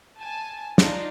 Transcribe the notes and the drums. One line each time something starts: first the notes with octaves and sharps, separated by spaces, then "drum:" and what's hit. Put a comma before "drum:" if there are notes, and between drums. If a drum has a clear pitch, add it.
G#5 A5
D4 D#4 F4, drum: snare